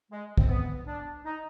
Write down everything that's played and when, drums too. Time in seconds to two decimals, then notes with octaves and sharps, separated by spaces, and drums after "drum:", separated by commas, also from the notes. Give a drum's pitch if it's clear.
0.12 G#3
0.38 C4, drum: kick
0.49 B3
0.87 D4
1.25 D#4